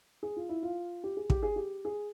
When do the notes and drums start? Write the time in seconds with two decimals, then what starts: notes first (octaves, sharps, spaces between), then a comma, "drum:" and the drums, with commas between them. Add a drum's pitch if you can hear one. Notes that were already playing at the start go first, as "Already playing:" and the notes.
0.23 G#4
0.36 F4
0.49 E4
0.63 F4
1.04 G4
1.17 G#4
1.30 G4, drum: kick
1.43 G#4
1.56 G4
1.85 G#4